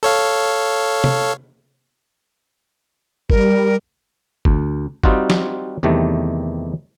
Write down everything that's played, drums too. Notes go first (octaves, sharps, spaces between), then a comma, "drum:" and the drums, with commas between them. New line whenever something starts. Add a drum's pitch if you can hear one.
A4 C#5 F5
drum: tom
G3 A#4, drum: kick G1
D2, drum: kick G1
G3 C4 D#4 F4 F#4, drum: kick G1
drum: snare
E2 C3 D#3 G3 A3